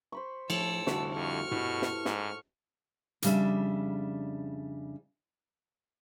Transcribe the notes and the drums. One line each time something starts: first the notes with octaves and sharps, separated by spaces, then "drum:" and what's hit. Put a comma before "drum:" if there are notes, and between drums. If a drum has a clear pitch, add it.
C5 B5 C#6
A2 F3 A5 E6, drum: cymbal
F1 D3 G3 E4 F#4 A4, drum: snare
F2 C#6 F6
B2 E4 G4 B4, drum: tom G2
drum: snare
G#2, drum: snare
F2 C#3 G3 D4 E5, drum: hi-hat